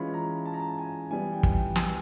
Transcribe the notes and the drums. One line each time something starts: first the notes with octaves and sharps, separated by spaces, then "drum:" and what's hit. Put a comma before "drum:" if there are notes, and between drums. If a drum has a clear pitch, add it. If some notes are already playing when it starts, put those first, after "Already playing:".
Already playing: E3 G#3 C#4 F4 B5
A#5
A5
A#5
A5
G#5
E3 G3 B3 G#5
G5
drum: kick
G5
G#5, drum: snare